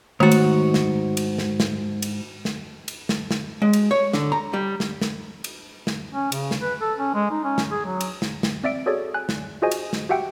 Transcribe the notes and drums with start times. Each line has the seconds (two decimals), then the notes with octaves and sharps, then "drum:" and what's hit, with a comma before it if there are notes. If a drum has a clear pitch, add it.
0.20 G#2 D#3 A3 F#4
0.32 drum: cymbal
0.74 drum: snare
1.17 drum: cymbal
1.38 drum: snare
1.60 drum: snare
2.02 drum: cymbal
2.45 drum: snare
2.88 drum: cymbal
3.09 drum: snare
3.31 drum: snare
3.62 G#3
3.73 drum: cymbal
3.91 C#5
4.13 D3, drum: snare
4.32 A#5
4.54 G3
4.80 drum: snare
5.01 drum: snare
5.44 drum: cymbal
5.87 drum: snare
6.12 C#4
6.32 C#3, drum: cymbal
6.51 drum: snare
6.60 B4
6.81 A4
6.98 C#4
7.14 G#3
7.31 D#4
7.44 C#4
7.58 drum: snare
7.71 G#4
7.85 F#3
8.01 drum: cymbal
8.22 drum: snare
8.43 drum: snare
8.64 C4 D5 E5 D7
8.86 F#4 G#4 A4 C#5 D5
9.14 G#5 F#6
9.29 drum: snare
9.62 F4 F#4 G#4 C5 D#5 G#5
9.71 drum: cymbal
9.93 drum: snare
10.09 F#4 G4 E5 F#5 G5